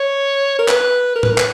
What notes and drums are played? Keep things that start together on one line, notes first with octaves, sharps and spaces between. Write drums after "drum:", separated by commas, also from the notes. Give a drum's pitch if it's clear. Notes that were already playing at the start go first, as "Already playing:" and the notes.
Already playing: C#5
A#4
B4, drum: clap
A#4
B4, drum: tom A2
A#4
B4, drum: clap